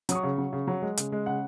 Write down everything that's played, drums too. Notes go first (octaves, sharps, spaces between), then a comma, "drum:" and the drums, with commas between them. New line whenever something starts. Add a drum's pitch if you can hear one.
F#3 D#6, drum: hi-hat
C#6
C#3
F#3
C#3
F#3
G#3
C#3, drum: hi-hat
G#3
C#3 F#5